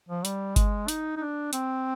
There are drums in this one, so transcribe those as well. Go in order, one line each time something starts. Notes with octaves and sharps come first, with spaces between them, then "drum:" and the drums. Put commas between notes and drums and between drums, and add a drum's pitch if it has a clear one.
F3
G3, drum: hi-hat
G#3, drum: kick G1, hi-hat
D#4, drum: hi-hat
D#4
D4
C4, drum: hi-hat